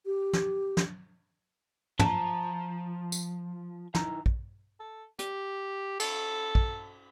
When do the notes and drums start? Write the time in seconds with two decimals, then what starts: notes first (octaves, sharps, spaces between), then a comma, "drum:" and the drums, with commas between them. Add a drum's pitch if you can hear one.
0.06 G4
0.33 drum: snare
0.77 drum: snare
1.99 F3 A5 A#5, drum: tom
3.12 drum: tambourine
3.95 D#3 E4 A#5, drum: snare
4.26 drum: kick
4.80 A4
5.19 G4, drum: hi-hat
6.00 A4, drum: cymbal
6.55 drum: kick